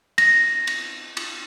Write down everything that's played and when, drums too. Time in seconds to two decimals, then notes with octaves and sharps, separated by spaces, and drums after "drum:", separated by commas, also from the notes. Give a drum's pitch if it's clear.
0.18 A#6, drum: cymbal
0.67 drum: cymbal
1.17 drum: cymbal